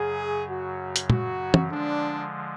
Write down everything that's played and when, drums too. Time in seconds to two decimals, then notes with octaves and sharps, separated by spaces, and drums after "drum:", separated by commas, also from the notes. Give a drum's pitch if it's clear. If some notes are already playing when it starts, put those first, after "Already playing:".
Already playing: F#2 C#3 F#3 G#4
0.49 F#4
0.96 drum: hi-hat
1.10 F#4, drum: tom
1.54 drum: tom
1.70 D3 F3 G#3 D4